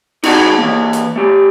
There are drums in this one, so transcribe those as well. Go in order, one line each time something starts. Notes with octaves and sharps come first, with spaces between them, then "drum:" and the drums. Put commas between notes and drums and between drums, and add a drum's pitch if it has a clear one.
D#4 F#4 G#4 F5 F#5 A5, drum: cymbal
E3 A#3
drum: hi-hat
A3 G4